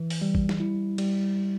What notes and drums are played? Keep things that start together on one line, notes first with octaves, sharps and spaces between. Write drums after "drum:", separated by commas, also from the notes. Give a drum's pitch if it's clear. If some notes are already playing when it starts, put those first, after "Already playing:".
Already playing: E3
drum: open hi-hat
G3
drum: kick
drum: snare
E4
G3, drum: cymbal